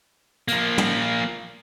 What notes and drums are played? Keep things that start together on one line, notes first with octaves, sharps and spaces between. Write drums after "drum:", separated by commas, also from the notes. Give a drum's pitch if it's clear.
F3 A#3, drum: hi-hat
drum: tom